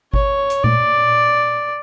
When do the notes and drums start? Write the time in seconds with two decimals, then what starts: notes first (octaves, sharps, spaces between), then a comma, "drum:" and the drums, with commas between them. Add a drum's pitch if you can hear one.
0.13 C#5, drum: kick G#1
0.50 drum: hi-hat
0.64 D5, drum: tom A#2